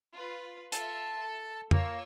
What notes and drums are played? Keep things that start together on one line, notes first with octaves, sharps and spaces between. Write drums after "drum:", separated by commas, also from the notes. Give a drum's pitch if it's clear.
F4 B4
F4 A4 E5 A5, drum: hi-hat
A4
A#3 F4 C#5 E6, drum: tom F2